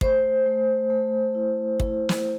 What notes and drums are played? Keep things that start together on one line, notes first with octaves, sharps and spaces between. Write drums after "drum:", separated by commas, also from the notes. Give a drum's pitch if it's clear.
A3 C5, drum: kick
A3
A3
E4
E4, drum: kick
drum: snare